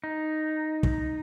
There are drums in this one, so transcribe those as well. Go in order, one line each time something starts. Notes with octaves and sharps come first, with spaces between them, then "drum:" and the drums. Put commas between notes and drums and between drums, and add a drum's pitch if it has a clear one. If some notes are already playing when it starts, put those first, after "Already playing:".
D#4
drum: kick